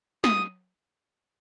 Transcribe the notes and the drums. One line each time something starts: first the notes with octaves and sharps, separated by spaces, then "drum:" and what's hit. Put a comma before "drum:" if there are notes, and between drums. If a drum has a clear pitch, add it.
D#6, drum: snare